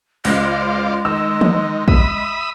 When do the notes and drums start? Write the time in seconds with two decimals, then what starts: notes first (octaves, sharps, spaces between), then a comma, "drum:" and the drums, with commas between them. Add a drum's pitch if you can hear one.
0.25 C#2 G#3 F4 C5 D5, drum: open hi-hat
1.05 D#3 E6
1.41 drum: tom
1.88 E5 B5 D#6, drum: kick